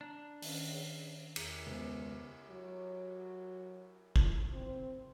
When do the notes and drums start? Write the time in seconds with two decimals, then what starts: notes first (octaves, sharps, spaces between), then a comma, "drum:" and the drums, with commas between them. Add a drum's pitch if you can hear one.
0.01 D4 A#5
0.42 D#3 C#4, drum: open hi-hat
0.72 G#4 C#5
1.36 E2 G#4 A#5, drum: cymbal
1.67 C#2 B3 C5
2.51 F#3
4.16 drum: kick
4.53 C4